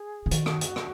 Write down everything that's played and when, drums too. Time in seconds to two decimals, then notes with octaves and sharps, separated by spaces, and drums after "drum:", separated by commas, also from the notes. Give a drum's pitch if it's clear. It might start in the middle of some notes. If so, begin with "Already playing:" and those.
Already playing: G#4
0.26 C#3
0.31 D#3 F#4, drum: hi-hat
0.46 drum: rim click
0.61 drum: hi-hat
0.76 drum: rim click